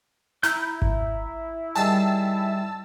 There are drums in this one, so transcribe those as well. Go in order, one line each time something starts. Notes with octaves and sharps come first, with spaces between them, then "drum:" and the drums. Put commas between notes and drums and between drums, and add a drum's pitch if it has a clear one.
E4 A#5 G6, drum: snare
drum: kick G#1
D#3 G3 G#4 A5 E6